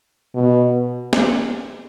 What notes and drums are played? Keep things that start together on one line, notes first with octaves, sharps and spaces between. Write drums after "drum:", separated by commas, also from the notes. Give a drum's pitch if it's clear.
B2
drum: snare